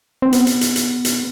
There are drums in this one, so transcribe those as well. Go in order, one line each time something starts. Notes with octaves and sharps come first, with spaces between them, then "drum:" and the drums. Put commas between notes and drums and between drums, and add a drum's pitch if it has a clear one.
C4
B3, drum: hi-hat
drum: hi-hat
drum: hi-hat
drum: hi-hat
drum: hi-hat